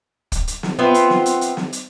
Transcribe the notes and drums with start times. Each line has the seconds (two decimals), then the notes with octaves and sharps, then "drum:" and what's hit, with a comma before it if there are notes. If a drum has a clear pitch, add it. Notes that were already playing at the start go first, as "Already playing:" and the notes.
0.32 drum: kick, hi-hat
0.47 drum: hi-hat
0.63 drum: snare
0.79 B3 C4 F4 E5
0.94 drum: hi-hat
1.10 drum: snare
1.26 drum: hi-hat
1.41 drum: hi-hat
1.57 drum: snare
1.73 drum: hi-hat